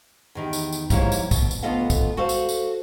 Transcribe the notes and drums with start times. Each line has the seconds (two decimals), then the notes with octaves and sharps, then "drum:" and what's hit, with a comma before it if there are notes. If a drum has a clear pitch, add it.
0.35 E2 D#3 G4
0.53 drum: tambourine
0.73 drum: tambourine
0.90 G#2 F3 G3 A#3 E4 C#5, drum: kick, tambourine
1.12 drum: tambourine
1.31 B2, drum: kick, tambourine
1.51 drum: tambourine
1.63 D2 B3 F4 A4 D#5 F5
1.90 drum: kick, tambourine
2.17 F#4 A4 C5 F5
2.29 drum: tambourine
2.49 drum: tambourine